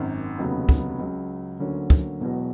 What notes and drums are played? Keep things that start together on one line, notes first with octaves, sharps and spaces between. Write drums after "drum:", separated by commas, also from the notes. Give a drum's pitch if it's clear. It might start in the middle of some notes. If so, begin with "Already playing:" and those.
Already playing: G#1 F#2 D#3
F1 D#2 C#3 F#3 B3
drum: kick
C#2 C#3 F#3
D2 D3 F#3 A#3 C#4
drum: kick
E1 E2 B2 F#3